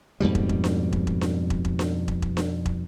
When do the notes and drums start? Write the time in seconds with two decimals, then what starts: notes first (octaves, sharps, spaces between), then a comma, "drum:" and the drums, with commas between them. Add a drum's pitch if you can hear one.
0.20 F2 G#2 B2 G3
0.35 drum: kick
0.49 drum: kick
0.64 drum: snare D4
0.93 drum: kick
1.07 drum: kick
1.21 drum: snare D4
1.50 drum: kick
1.65 drum: kick
1.79 drum: snare D4
2.08 drum: kick
2.22 drum: kick
2.37 drum: snare D4
2.66 drum: kick